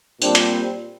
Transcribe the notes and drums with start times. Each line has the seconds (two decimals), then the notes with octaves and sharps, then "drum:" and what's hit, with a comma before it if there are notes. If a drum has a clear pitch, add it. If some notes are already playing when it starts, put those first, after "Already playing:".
0.22 A#2 G3 C4 D4, drum: tambourine
0.35 drum: hi-hat